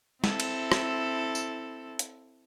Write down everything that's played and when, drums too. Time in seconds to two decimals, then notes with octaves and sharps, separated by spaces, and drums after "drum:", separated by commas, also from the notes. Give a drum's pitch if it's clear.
0.24 C4 E4 A4, drum: snare
0.40 drum: cymbal
0.72 drum: rim click
1.35 drum: tambourine
1.99 drum: hi-hat